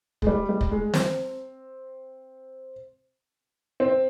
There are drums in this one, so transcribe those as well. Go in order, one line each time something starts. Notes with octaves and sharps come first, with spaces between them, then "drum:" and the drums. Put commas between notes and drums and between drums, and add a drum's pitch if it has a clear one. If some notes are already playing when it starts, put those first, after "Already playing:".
G#3, drum: kick
G3
G3
drum: kick
G#3
C4, drum: snare
C4